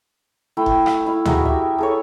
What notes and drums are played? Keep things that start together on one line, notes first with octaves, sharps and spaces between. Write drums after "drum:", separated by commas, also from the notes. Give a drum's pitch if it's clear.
A3 E4 G5
drum: kick F1
drum: rim click
E4 F5
F#4 G#4 A#4 E5, drum: tom D2
G4 E5
G#4 A4 C#5